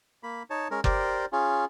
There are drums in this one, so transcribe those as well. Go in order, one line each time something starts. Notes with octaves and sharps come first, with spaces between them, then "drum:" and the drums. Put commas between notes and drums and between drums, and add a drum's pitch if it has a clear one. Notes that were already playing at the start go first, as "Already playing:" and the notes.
A#3 B5
D#4 C#5 A5
G#3 C#4 A#4
G4 A#4 C5 D5, drum: kick F#1
C#4 F4 G#4